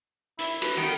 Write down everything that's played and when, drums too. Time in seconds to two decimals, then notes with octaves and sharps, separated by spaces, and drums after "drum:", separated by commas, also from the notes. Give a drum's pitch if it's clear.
0.39 E4, drum: hi-hat
0.62 B4, drum: cymbal
0.78 D#3 B3